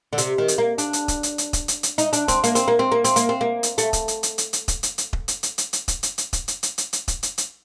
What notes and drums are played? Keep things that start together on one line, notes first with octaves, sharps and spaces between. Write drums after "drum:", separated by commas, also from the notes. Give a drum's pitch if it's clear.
D3
C3, drum: hi-hat
D#3
drum: hi-hat
A#3
D4, drum: hi-hat
drum: hi-hat
drum: kick D#1, hi-hat
drum: hi-hat
drum: hi-hat
drum: kick D#1, hi-hat
drum: hi-hat
drum: hi-hat
D#4, drum: hi-hat
D4, drum: hi-hat
C4, drum: kick D#1, hi-hat
A#3, drum: hi-hat
C4, drum: hi-hat
A#3
C4
A#3
C4, drum: hi-hat
A#3, drum: hi-hat
C4
A#3
drum: hi-hat
A3, drum: hi-hat
drum: kick D#1, hi-hat
drum: hi-hat
drum: hi-hat
drum: hi-hat
drum: hi-hat
drum: kick D#1, hi-hat
drum: hi-hat
drum: hi-hat
drum: kick D#1
drum: hi-hat
drum: hi-hat
drum: hi-hat
drum: hi-hat
drum: kick D#1, hi-hat
drum: hi-hat
drum: hi-hat
drum: kick D#1, hi-hat
drum: hi-hat
drum: hi-hat
drum: hi-hat
drum: hi-hat
drum: kick D#1, hi-hat
drum: hi-hat
drum: hi-hat